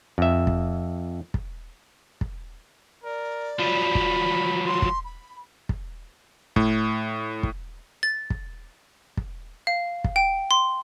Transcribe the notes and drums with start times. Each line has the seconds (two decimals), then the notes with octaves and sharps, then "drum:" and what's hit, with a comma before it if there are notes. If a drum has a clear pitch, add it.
0.18 F2 E5
0.47 drum: kick
1.34 drum: kick
2.21 drum: kick
3.04 A#4 D5
3.59 F3 F#3 B5
3.95 drum: kick
4.66 C6
4.82 drum: kick
5.04 B5
5.69 drum: kick
6.56 A2, drum: kick
7.43 drum: kick
8.03 A6
8.30 drum: kick
9.17 drum: kick
9.67 F5
10.04 drum: kick
10.16 G5
10.51 C6